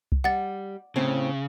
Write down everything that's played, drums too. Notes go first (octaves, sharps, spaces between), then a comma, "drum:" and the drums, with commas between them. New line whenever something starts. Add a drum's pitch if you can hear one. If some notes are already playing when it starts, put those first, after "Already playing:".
drum: kick C2
G3 F#5 A6
A2 C#3 C4